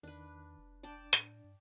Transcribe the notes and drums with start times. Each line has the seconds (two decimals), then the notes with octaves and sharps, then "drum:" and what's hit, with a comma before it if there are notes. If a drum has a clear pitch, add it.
0.03 E2 D#3 D4 B4
0.58 F1
0.83 D4 D5 G5 A5
1.13 A2, drum: hi-hat
1.44 G2